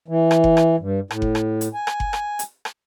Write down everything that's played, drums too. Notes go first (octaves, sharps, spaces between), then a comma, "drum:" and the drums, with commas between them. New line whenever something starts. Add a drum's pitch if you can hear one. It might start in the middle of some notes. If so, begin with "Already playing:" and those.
E3
drum: rim click
drum: kick F#1
drum: rim click
G2
A2, drum: rim click
drum: kick F#1
drum: rim click
drum: hi-hat
G#5
drum: rim click
drum: kick F#1
drum: rim click
drum: hi-hat
drum: rim click